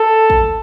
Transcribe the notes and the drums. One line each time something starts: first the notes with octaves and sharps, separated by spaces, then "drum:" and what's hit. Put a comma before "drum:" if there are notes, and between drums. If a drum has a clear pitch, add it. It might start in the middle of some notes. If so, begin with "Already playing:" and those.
Already playing: A4
drum: kick A1